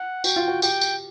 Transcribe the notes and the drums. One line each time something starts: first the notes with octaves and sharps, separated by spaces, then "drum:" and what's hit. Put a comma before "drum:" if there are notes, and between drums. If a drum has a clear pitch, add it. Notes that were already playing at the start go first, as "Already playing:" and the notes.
Already playing: F#5
F#4 G5, drum: tambourine
F4
F#4
G4 G5, drum: tambourine
drum: tambourine